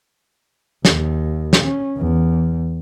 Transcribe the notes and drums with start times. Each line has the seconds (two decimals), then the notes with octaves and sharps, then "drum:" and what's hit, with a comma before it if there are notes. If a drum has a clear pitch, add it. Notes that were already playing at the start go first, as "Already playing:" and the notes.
0.85 D#2, drum: snare
1.53 drum: snare
1.62 C#4
1.97 E2